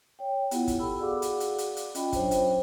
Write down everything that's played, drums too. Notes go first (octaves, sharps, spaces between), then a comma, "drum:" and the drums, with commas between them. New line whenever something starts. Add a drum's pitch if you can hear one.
C#5 G5
B3 E4 F4 G4 F#5, drum: hi-hat
drum: kick, hi-hat
A4 B5 E6
F#4 G#4 D5 F5 F#5 D6
drum: hi-hat
drum: hi-hat
drum: hi-hat
drum: hi-hat
C#4 F4 D#5 G5 B5, drum: hi-hat
F#3 D4 C5 C#5 G5, drum: kick, hi-hat
drum: hi-hat